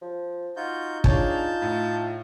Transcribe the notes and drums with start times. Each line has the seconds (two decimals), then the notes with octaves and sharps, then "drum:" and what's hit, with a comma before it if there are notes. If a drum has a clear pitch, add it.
0.02 F3
0.57 D#4 F4 F#4 G6
1.04 D4 F4 G#4 C#5 A5 G6, drum: kick
1.62 A2